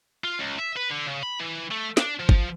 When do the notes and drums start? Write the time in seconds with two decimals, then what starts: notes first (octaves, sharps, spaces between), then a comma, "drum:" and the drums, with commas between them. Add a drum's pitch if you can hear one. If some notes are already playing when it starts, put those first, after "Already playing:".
0.24 F4
0.39 C#2
0.58 E5
0.76 B4
0.90 D3
1.06 C#3
1.23 B5
1.40 E3
1.71 A3
1.97 D4, drum: snare
2.19 F3
2.29 drum: kick